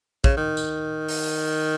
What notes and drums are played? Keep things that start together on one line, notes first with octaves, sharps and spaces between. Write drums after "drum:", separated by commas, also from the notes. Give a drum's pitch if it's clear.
C#3, drum: kick
D#3
drum: tambourine
drum: open hi-hat